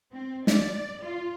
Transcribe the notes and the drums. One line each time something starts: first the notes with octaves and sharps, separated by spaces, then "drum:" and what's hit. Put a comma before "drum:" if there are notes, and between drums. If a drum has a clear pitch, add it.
C4
D5, drum: snare
F4